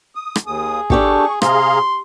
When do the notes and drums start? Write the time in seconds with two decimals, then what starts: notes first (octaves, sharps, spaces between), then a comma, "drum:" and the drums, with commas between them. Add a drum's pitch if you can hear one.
0.15 D#6
0.36 drum: rim click
0.46 D#2 G#4 D#6
0.90 D4 G4 A4 C#6, drum: kick
1.42 C3 G#4 F5 A#5 C6, drum: rim click